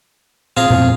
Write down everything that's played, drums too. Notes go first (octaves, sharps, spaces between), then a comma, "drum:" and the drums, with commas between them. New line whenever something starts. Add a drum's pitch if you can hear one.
A#2 C4 F4 G#4 A#5
F2 B2 C4, drum: tom A#2